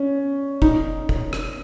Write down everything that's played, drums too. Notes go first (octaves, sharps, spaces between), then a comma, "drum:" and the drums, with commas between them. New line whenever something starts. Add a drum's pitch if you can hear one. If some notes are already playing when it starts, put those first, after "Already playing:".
Already playing: C#4
D#4, drum: kick
drum: kick
drum: rim click